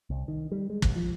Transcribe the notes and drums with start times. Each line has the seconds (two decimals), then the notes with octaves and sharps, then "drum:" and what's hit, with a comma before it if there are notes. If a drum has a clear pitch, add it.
0.10 C2
0.28 D#3
0.52 G3
0.70 G#3
0.82 A#1, drum: kick
0.96 F3